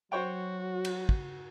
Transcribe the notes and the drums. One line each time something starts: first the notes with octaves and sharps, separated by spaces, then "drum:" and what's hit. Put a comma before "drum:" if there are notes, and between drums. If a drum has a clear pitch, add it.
F#3 F#4 C5 C#5 G5
drum: cymbal
drum: kick